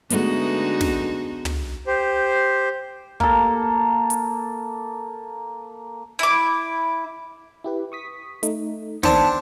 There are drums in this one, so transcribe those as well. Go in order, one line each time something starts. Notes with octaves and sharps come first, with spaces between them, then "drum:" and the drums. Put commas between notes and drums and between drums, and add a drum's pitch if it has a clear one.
D3 G#3 A3 B3 D#4 F#4, drum: hi-hat
drum: snare
drum: tom
G4 C5
A#3 A4, drum: kick
drum: hi-hat
E4 D6
E4 G4 B4
C#6 D#6 B6
A3 D#4, drum: hi-hat
D#3 B3 C4 D4 A5 D6 G#6, drum: snare